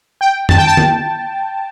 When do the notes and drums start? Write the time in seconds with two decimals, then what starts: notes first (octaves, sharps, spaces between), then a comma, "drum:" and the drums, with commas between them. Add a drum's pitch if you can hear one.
0.21 G5
0.49 A5, drum: tom F2
0.58 G5
0.67 A5
0.77 drum: tom D3